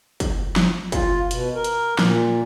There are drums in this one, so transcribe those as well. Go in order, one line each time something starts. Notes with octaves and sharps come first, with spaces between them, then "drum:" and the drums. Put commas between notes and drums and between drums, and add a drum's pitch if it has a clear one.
drum: kick, hi-hat
drum: snare
F4, drum: kick, hi-hat
B2, drum: hi-hat
A#4
drum: hi-hat
A#2, drum: snare